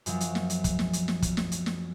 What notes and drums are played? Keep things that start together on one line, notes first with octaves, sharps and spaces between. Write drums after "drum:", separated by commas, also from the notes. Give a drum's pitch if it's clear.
F#2 F3 F#3, drum: hi-hat
drum: hi-hat
drum: snare
drum: hi-hat
drum: kick, hi-hat
drum: snare
drum: hi-hat
drum: snare
drum: kick, hi-hat
drum: snare
drum: hi-hat
drum: snare